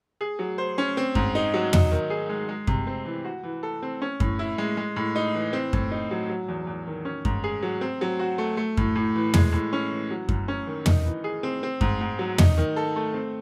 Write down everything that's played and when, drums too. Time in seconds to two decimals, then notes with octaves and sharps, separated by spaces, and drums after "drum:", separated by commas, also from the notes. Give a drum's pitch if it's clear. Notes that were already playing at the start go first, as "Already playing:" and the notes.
0.21 G#4
0.39 F#3
0.58 C5
0.78 C#4
0.97 C4
1.15 G#2, drum: kick F#2
1.35 D#4
1.54 F#3
1.73 D#4, drum: tom
1.91 D#3
2.10 G#4
2.29 G#3
2.49 G#3
2.67 C3, drum: kick F#2
2.87 C4
3.05 E3
3.25 F#4
3.43 E3
3.63 A4
3.82 C4
4.02 C#4
4.20 A2, drum: kick F#2
4.39 E4
4.58 G#3
4.77 G#3
4.96 A2
5.15 D#4
5.34 E3
5.53 C4
5.73 A2, drum: kick F#2
5.91 D#4
6.11 F#3
6.29 F#3
6.48 E2
6.67 E2
6.87 D#3
7.05 C#4
7.25 G#2, drum: kick F#2
7.44 G#4
7.63 F#3
7.81 C4
8.01 F#3
8.19 F#4
8.38 A3
8.57 A3
8.77 A2, drum: kick F#2
8.95 A2
9.15 E3
9.34 G#3, drum: tom
9.52 A2
9.73 C#4
9.91 E3
10.11 F#3
10.29 F#2, drum: kick F#2
10.48 C#4
10.67 D#3
10.86 D#4, drum: tom
11.05 E3
11.24 G#4
11.43 C4
11.63 C4
11.81 G#2, drum: kick F#2
12.01 G#2
12.19 F#3
12.38 D#4, drum: tom
12.57 D#3
12.76 A4
12.96 A3
13.14 C4